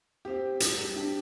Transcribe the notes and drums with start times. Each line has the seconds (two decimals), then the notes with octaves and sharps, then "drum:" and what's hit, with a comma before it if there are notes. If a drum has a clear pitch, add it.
0.25 C4 G4
0.60 G3, drum: hi-hat
0.96 D4 G4